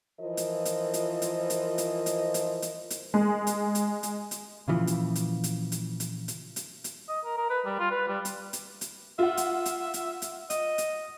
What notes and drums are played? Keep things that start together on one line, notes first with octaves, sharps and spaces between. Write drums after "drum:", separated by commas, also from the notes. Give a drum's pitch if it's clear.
E3 F3 F4 A#4 C5 D#5
drum: hi-hat
drum: hi-hat
drum: hi-hat
drum: hi-hat
drum: hi-hat
drum: hi-hat
drum: hi-hat
drum: hi-hat
drum: hi-hat
drum: hi-hat
G#3
drum: hi-hat
drum: hi-hat
drum: hi-hat
drum: hi-hat
A#2 C#3 E3 F3
drum: hi-hat
drum: hi-hat
drum: hi-hat
drum: hi-hat
drum: hi-hat
drum: hi-hat
drum: hi-hat
drum: hi-hat
D#5
A#4
A#4
B4
G3
F4
B4
G3
drum: hi-hat
drum: hi-hat
drum: hi-hat
F4 E5 F#5
drum: hi-hat
drum: hi-hat
drum: hi-hat
drum: hi-hat
D#5, drum: hi-hat
drum: hi-hat